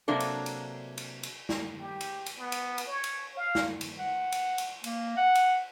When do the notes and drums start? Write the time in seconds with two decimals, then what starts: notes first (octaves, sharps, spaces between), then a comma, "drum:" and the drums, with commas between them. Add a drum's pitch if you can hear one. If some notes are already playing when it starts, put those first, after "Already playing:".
0.08 C3 F#3 A#3 D4 A4
0.20 drum: cymbal
0.46 drum: cymbal
0.98 drum: cymbal
1.23 drum: cymbal
1.49 drum: snare
1.79 G4
2.01 drum: cymbal
2.26 drum: cymbal
2.38 B3
2.52 drum: cymbal
2.78 drum: cymbal
2.87 C#5
3.04 drum: cymbal
3.37 F5
3.55 drum: snare
3.81 drum: cymbal
3.99 F#5
4.32 drum: cymbal
4.58 drum: cymbal
4.84 A#3, drum: cymbal
5.17 F#5
5.35 drum: cymbal